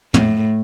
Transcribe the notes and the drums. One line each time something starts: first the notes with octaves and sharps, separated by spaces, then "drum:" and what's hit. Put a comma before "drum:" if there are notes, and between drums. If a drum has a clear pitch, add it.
A2, drum: tom